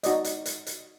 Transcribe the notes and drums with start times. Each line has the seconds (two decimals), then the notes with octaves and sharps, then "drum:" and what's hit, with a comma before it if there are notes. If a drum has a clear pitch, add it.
0.03 D#4 F#4 D5 D#5, drum: hi-hat
0.24 drum: hi-hat
0.46 drum: hi-hat
0.67 drum: hi-hat